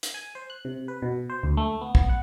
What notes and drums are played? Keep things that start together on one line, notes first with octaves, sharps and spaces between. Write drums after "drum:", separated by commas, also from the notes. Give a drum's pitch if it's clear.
drum: hi-hat
G#5
C5
F#6
C3
B4
B2
C5
D2
A3
B3
B3, drum: kick
F#5